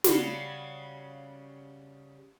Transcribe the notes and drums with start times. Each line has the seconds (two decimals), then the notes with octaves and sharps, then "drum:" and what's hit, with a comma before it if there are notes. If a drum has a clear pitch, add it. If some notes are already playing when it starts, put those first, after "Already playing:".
0.04 C#3 G3 F#4, drum: snare